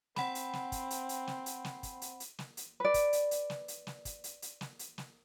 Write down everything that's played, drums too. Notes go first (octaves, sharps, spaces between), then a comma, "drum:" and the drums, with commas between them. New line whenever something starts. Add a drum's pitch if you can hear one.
C4 F#5 B5, drum: snare
drum: hi-hat
drum: snare
drum: kick, hi-hat
drum: hi-hat
drum: hi-hat
drum: snare
drum: hi-hat
drum: snare
drum: kick, hi-hat
drum: hi-hat
drum: hi-hat
drum: snare
drum: hi-hat
B4 D5
drum: kick, hi-hat
drum: hi-hat
drum: hi-hat
drum: snare
drum: hi-hat
drum: snare
drum: kick, hi-hat
drum: hi-hat
drum: hi-hat
drum: snare
drum: hi-hat
drum: snare